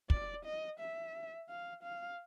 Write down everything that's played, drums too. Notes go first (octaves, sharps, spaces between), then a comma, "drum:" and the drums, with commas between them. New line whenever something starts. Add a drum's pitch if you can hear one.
D5, drum: kick
D#5
E5
F5
F5